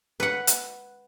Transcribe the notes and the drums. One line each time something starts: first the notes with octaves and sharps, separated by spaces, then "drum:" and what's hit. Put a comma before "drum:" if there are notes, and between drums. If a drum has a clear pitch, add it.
B4 F#5
drum: hi-hat